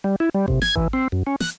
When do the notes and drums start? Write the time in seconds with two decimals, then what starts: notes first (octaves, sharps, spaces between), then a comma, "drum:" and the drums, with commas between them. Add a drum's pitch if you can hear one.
0.04 G3
0.20 E4
0.35 G3
0.48 C3, drum: kick G#1
0.62 G#6, drum: snare
0.76 E3, drum: kick G#1
0.93 C4
1.12 F#2
1.27 C#4
1.40 F#6, drum: snare